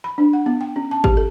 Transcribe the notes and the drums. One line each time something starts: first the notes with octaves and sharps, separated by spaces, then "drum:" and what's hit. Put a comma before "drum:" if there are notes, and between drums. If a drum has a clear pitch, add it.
B5
D4
F#5
B3
G5
C#4
A5
G4, drum: kick G#1
A4